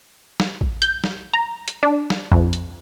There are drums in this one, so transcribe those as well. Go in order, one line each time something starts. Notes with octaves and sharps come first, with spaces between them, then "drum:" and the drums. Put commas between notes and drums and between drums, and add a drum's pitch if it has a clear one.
drum: snare
drum: kick A1
G6, drum: hi-hat
drum: snare
A#5
drum: hi-hat
D4
drum: snare
F2, drum: kick A1
drum: hi-hat